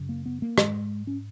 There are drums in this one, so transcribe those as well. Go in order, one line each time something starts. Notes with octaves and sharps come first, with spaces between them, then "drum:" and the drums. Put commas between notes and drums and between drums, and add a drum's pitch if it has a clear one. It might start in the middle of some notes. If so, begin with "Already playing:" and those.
Already playing: F#2 C#3
A#3
B3
A#3
G#2 G#3, drum: rim click
C#4